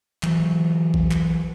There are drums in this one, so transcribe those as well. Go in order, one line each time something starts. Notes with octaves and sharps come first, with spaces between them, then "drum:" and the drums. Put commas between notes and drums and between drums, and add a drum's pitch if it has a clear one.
E3 F#3, drum: clap
drum: kick A#1
drum: clap